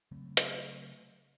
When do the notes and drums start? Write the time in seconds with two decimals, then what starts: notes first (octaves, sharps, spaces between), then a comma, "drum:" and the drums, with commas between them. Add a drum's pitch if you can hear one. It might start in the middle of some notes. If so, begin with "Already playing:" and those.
0.11 C#3 F#3 A3 C4
0.37 drum: hi-hat